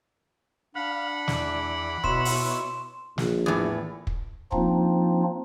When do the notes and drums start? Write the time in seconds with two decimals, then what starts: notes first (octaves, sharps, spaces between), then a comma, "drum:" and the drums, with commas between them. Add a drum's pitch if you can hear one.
0.75 D4 F5 F#5 B5
1.28 E2 D5, drum: snare
2.04 B2 B3 E4 C#5 C6 E7, drum: kick
2.25 drum: open hi-hat
3.18 A#1, drum: snare
3.46 E2 A2
4.07 drum: kick
4.52 F3 A#3 C4 D4 D#4 F4, drum: kick